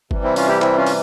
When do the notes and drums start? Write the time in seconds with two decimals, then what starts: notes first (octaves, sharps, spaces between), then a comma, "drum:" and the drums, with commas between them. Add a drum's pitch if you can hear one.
0.11 C3 E3 G3, drum: kick G1
0.23 C4 E4
0.36 C#4 F4, drum: open hi-hat
0.48 E4 G4
0.62 C4 E4, drum: clap
0.77 C#4 F4
0.87 drum: open hi-hat